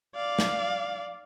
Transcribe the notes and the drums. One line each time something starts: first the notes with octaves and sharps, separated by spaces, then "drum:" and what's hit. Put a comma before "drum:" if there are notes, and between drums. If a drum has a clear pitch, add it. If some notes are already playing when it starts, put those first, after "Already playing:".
D5 F5
drum: snare